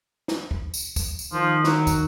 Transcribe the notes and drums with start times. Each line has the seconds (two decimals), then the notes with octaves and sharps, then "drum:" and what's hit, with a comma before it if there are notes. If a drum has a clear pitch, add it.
0.28 drum: snare
0.51 drum: kick
0.74 drum: tambourine
0.96 drum: kick, tambourine
1.19 drum: tambourine
1.33 D#3 F3
1.64 F#3, drum: snare
1.87 drum: kick, tambourine